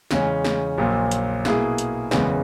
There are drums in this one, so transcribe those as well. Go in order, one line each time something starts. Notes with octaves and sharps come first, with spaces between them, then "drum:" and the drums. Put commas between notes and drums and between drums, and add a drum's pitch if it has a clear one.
E2 C#3 G#3 C#4, drum: snare
drum: snare
A#1 A#2 F#3
drum: hi-hat
B2 A#3 E4 G#4, drum: snare
drum: hi-hat
F#1 E2 C#3 G#3 B3, drum: snare